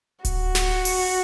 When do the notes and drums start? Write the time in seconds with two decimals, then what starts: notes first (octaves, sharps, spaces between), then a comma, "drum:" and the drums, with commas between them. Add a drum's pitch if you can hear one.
0.25 F#4, drum: kick D1, hi-hat
0.55 drum: snare
0.85 drum: open hi-hat